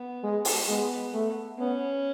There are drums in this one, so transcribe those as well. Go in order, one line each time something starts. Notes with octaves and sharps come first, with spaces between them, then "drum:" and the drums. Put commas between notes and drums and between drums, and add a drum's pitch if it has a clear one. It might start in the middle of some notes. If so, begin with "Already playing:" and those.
Already playing: B3
G#3
drum: open hi-hat
G#3 B3
A3
B3 C#4